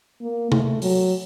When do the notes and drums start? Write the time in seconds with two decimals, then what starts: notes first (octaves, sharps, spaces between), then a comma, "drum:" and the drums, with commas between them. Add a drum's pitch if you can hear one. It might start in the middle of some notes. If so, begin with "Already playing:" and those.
0.21 A#3
0.52 A3, drum: tom C3
0.82 F#3, drum: open hi-hat